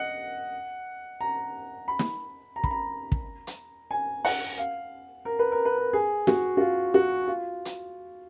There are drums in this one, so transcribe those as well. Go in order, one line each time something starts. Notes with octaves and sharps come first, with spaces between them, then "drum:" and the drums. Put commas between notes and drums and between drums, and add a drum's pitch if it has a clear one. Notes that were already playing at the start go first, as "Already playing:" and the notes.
Already playing: D#5 F#5
A#5
B5
drum: snare
A#5
B5, drum: kick
A#5
drum: kick
drum: hi-hat
G#5
F#5, drum: open hi-hat
F5
A#4
B4
A#4
B4
A#4
G#4
F#4, drum: snare
F#4
F4
F#4
F4
drum: hi-hat